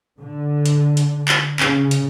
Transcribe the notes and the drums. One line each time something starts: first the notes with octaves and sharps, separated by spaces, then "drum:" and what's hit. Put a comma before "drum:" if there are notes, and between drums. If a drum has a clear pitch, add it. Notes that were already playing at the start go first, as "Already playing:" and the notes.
D3
drum: hi-hat
drum: hi-hat
drum: clap
C#3, drum: clap
drum: hi-hat